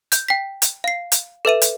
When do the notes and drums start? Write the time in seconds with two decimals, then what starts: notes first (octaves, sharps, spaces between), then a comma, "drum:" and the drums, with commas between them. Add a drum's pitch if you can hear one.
0.12 G6, drum: hi-hat
0.28 G5 B6
0.62 drum: hi-hat
0.84 F5 C7
1.12 drum: hi-hat
1.45 A4 B4 E5 D#7
1.61 drum: hi-hat